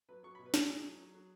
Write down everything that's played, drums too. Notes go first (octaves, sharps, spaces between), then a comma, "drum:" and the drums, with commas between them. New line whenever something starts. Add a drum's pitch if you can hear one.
F#3 B4
F#3 C#6
B5
B2
B4
B2 G#4, drum: snare
F#3 G#4
F#3
F#3
F#3